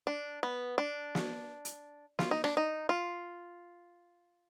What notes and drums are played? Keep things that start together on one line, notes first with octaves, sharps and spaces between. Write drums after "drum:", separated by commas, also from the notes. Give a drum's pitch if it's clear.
D4
B3
D4
drum: snare
drum: hi-hat
F4, drum: snare
D#4
D4, drum: rim click
D#4
F4